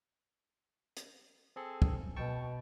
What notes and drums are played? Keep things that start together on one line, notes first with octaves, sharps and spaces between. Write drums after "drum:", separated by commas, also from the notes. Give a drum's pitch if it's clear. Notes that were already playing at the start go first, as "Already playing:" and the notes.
drum: hi-hat
C4 G#4 A4
drum: kick
B2 G5 A5 C#6